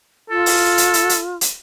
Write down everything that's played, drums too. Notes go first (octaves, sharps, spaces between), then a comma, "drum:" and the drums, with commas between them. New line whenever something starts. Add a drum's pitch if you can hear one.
F4 A4
drum: open hi-hat
drum: hi-hat
drum: hi-hat
drum: hi-hat
drum: hi-hat